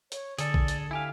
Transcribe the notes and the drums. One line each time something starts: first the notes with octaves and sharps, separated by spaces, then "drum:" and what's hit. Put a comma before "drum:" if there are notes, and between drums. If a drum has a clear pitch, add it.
C#5, drum: hi-hat
D3 G#4 A4 D5, drum: hi-hat
drum: kick
drum: hi-hat
E4 G4 F5 G#5